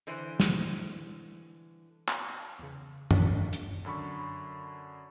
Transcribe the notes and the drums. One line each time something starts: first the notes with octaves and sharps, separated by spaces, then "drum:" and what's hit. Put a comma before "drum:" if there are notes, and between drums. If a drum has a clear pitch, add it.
D3 E3 C5
drum: snare
drum: clap
E2 C#3
F2 F#3 D4 F#5 A6 B6, drum: tom F#2
drum: hi-hat
F#2 D3 B5 C#6